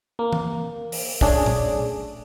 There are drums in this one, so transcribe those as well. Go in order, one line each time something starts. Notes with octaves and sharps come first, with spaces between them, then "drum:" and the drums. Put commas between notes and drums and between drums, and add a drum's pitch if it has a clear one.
A#3
drum: tom
drum: open hi-hat
A3 C#4 D4 G#4 A4, drum: kick
drum: tom A#2